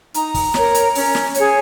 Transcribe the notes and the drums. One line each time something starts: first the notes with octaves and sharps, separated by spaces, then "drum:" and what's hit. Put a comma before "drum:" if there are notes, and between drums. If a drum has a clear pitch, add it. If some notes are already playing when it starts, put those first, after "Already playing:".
D#4 A#5, drum: hi-hat
drum: kick, open hi-hat
A#4 C#5, drum: snare
drum: hi-hat
C#4, drum: open hi-hat
drum: snare
G#4 C#5, drum: hi-hat